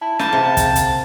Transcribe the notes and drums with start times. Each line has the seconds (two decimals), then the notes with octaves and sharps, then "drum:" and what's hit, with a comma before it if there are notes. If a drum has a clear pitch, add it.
0.01 E4 A5
0.19 A#3 A5 B5 G6 D#7, drum: snare
0.33 C3 G#4 F5
0.57 drum: kick, hi-hat
0.76 drum: hi-hat